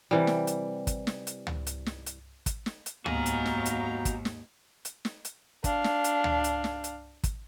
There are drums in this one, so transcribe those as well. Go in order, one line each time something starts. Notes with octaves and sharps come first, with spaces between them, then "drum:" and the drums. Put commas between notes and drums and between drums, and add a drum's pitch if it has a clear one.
C3 E3 G3
drum: snare
drum: hi-hat
drum: kick, hi-hat
drum: snare
drum: hi-hat
drum: tom C#2
drum: hi-hat
drum: snare
drum: hi-hat
drum: kick, hi-hat
drum: snare
drum: hi-hat
D#2 G#2 B3 F#4 F5 G#5 A#5, drum: tom C#2
drum: hi-hat
drum: snare
drum: hi-hat
drum: kick, hi-hat
drum: snare
drum: hi-hat
drum: snare
drum: hi-hat
D4 F5, drum: kick, hi-hat
drum: snare
drum: hi-hat
drum: tom C#2
drum: hi-hat
drum: snare
drum: hi-hat
drum: kick, hi-hat